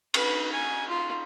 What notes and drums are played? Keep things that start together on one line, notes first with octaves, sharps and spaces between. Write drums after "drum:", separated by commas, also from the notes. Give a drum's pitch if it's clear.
B4, drum: cymbal
G#5
F4